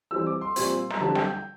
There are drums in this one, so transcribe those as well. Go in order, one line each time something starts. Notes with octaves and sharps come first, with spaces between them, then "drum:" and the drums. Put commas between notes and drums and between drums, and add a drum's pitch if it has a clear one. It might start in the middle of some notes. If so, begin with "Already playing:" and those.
E3 G3 C4 E6
D6
C6
A#2 G3 C4, drum: open hi-hat
A#5, drum: snare
D3 G3 C4 A5
G5, drum: snare
G5